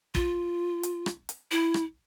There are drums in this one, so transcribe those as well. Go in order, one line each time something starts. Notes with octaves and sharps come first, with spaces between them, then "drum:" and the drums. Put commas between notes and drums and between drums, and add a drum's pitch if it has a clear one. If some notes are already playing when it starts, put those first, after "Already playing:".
F4, drum: kick
drum: hi-hat
drum: rim click
drum: hi-hat
E4
drum: rim click